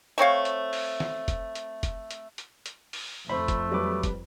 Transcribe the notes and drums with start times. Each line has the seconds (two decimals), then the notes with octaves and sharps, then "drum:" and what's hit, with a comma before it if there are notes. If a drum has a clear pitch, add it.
0.18 A3 C4 C#5 F5
0.45 drum: hi-hat
0.73 drum: open hi-hat
1.00 drum: snare
1.28 drum: kick, hi-hat
1.55 drum: hi-hat
1.83 drum: kick, hi-hat
2.11 drum: hi-hat
2.38 drum: hi-hat
2.66 drum: hi-hat
2.93 drum: open hi-hat
3.29 F2 A3 C5 B5
3.48 drum: kick, hi-hat
3.71 F#3 G3 B4 A5 D6
4.03 drum: kick, hi-hat